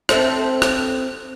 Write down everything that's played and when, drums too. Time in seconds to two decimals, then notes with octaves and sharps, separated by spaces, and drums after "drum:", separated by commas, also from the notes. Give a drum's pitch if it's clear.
0.09 C4 A4 E5, drum: rim click
0.62 drum: rim click